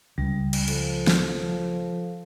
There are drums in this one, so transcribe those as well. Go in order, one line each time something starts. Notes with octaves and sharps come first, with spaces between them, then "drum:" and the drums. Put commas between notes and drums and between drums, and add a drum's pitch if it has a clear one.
C#2 G3
drum: cymbal
F3 A4, drum: cymbal
drum: snare